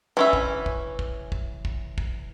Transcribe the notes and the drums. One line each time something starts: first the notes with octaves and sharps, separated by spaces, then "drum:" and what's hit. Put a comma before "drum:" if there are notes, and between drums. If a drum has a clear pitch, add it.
E3 C#4 E5
drum: kick
drum: kick
drum: kick
drum: kick
drum: kick
drum: kick